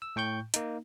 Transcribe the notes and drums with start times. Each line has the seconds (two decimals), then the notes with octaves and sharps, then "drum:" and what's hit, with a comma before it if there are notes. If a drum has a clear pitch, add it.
0.02 E6
0.16 A2 G5 C#6 G6
0.54 A#3 D#4, drum: hi-hat